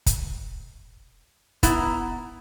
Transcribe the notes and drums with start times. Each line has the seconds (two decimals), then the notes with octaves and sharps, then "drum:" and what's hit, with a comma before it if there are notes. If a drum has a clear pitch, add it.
0.06 drum: kick, hi-hat
1.63 B3 E4 A#5, drum: kick, hi-hat